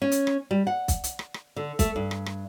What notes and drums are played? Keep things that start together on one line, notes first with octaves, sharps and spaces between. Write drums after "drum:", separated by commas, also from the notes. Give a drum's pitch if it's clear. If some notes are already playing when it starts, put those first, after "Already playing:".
C#4
drum: hi-hat
drum: rim click
G3
F#5
drum: kick, hi-hat
drum: hi-hat
drum: rim click
drum: rim click
D3
A3, drum: kick, hi-hat
G2
drum: rim click
drum: rim click